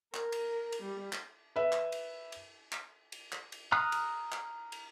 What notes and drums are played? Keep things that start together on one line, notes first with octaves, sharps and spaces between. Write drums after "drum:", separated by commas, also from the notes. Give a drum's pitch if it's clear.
A#4, drum: clap
drum: cymbal
drum: cymbal
G3
drum: clap
B4 E5
drum: clap
drum: cymbal
drum: cymbal
drum: clap
drum: cymbal
drum: clap
drum: cymbal
A#5 D#6 F6 F#6
drum: cymbal
drum: clap
drum: cymbal